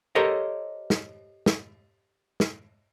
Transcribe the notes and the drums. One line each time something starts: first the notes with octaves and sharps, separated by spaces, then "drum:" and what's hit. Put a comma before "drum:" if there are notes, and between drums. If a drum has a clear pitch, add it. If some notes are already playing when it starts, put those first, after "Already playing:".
G4 A4 A#4 C5 C#5 D#5
drum: snare
drum: snare
drum: snare